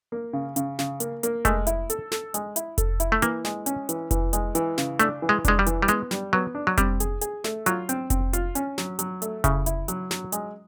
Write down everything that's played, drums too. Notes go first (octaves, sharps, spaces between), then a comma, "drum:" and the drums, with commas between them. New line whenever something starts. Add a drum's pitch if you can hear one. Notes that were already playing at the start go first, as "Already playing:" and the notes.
A#3
C#3
C#3, drum: hi-hat
C#3, drum: snare
A#3, drum: hi-hat
A#3, drum: hi-hat
G#3 A3, drum: kick F1, hi-hat
E4, drum: hi-hat
A4, drum: hi-hat
A4, drum: snare
G#3, drum: hi-hat
E4, drum: hi-hat
A4, drum: kick F1, hi-hat
E4, drum: hi-hat
A3
E3 A#3, drum: hi-hat
G#3, drum: snare
C#4, drum: hi-hat
E3, drum: hi-hat
E3, drum: kick F1, hi-hat
G#3, drum: hi-hat
E3, drum: hi-hat
C#3, drum: snare
A3 D4, drum: hi-hat
E3
G#3
G#3 D4, drum: kick F1, hi-hat
G3
E3, drum: hi-hat
G3
G#3 B3, drum: hi-hat
G3, drum: snare
F#3 B3
D4
F#3
G3 C4, drum: kick F1, hi-hat
G#4, drum: hi-hat
G#4, drum: hi-hat
A3, drum: snare
F#3 F4, drum: hi-hat
C4, drum: hi-hat
C4, drum: kick F1, hi-hat
F4, drum: hi-hat
C#4, drum: hi-hat
F#3, drum: snare
F#3, drum: hi-hat
A3, drum: hi-hat
C#3 E4, drum: kick F1, hi-hat
E4, drum: hi-hat
F#3, drum: hi-hat
F#3, drum: snare
G#3, drum: hi-hat